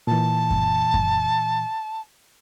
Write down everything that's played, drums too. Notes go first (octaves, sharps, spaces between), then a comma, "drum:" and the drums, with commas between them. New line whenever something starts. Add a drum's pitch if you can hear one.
A#2 E3 A5
drum: kick F#2
drum: kick F#2